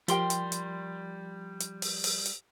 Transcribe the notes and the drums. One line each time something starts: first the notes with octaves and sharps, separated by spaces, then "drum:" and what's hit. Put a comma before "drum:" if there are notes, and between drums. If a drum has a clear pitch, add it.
F3 G3 G4 A#4 G5 C6, drum: hi-hat
drum: hi-hat
drum: hi-hat
drum: hi-hat
drum: open hi-hat
drum: open hi-hat
drum: hi-hat